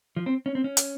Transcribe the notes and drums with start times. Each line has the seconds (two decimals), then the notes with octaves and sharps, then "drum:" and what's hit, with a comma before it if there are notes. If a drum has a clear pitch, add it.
0.16 F3
0.26 C4
0.46 C#4
0.55 C4
0.64 C#4
0.77 drum: hi-hat